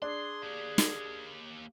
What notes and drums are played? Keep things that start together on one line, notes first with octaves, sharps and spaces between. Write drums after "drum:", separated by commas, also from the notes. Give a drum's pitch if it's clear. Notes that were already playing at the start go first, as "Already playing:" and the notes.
D4 G#4 C6
A#3 G4
drum: snare